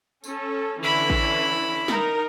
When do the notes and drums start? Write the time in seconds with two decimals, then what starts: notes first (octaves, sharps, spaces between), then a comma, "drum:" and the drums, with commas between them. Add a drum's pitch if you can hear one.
0.24 C#4 A4, drum: tambourine
0.83 D3 E3 C#4 E4 B5
1.10 drum: kick A1
1.88 D#4 A#4, drum: snare